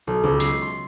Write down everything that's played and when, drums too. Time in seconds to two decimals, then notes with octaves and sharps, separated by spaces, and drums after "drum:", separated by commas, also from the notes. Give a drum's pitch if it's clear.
0.07 B1
0.23 C#2
0.40 C7, drum: hi-hat
0.62 C6